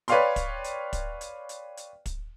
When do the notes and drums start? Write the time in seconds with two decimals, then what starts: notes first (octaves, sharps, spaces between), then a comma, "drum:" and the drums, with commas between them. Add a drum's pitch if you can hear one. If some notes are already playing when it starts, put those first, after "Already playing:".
0.08 B4 C#5 D5 F5 G5 C6, drum: hi-hat
0.36 drum: kick, hi-hat
0.64 drum: hi-hat
0.93 drum: kick, hi-hat
1.21 drum: hi-hat
1.49 drum: hi-hat
1.77 drum: hi-hat
2.06 drum: kick, hi-hat